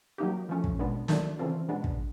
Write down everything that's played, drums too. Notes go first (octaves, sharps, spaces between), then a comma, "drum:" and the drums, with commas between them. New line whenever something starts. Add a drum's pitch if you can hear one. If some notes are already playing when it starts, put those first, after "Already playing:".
F#3 A#3 D#4 G4
F3 A3 C#4
drum: kick
B2 G#3 B3 D4
D#3 F#3 A3 D4, drum: snare
C#3 E3 A3 C4 F4
B2 G#3 B3 D4
drum: kick